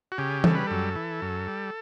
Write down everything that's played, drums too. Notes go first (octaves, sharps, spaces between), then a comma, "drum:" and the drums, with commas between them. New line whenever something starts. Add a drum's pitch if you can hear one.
F#4
C#3 G4
G3 A4, drum: tom
B4
F#2 A4
E3
F#2
G3